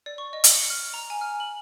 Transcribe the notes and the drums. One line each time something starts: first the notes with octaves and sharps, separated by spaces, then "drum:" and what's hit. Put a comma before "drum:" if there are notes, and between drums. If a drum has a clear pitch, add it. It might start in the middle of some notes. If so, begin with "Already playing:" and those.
D5
C#6
D#5
drum: hi-hat
C#7
F6
A#5
G#5
F6
F#7